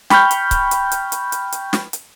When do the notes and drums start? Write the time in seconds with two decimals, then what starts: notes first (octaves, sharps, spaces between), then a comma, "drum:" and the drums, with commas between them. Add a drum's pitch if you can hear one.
0.10 G5 B5 C#6 F6 G6, drum: snare
0.31 drum: hi-hat
0.51 drum: kick C#1, hi-hat
0.71 drum: hi-hat
0.92 drum: hi-hat
1.12 drum: hi-hat
1.32 drum: hi-hat
1.52 drum: hi-hat
1.73 drum: snare
1.93 drum: hi-hat